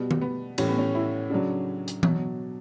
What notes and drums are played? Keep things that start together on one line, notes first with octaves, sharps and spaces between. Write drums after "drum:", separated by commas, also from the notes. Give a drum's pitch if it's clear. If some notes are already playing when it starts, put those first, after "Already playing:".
Already playing: B2 G3 B3
drum: tom D#3
B3
A2 E3 G3 C#4, drum: cymbal
B3
C#4
E4
C#3 F#3 D4
drum: hi-hat
B2 F#3, drum: tom E3